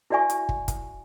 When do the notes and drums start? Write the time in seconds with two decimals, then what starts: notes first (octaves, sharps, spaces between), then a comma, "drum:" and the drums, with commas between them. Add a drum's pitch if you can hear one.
0.10 E4 F#4 D5 E5 G#5 C#6
0.30 drum: hi-hat
0.49 drum: kick
0.68 drum: kick, hi-hat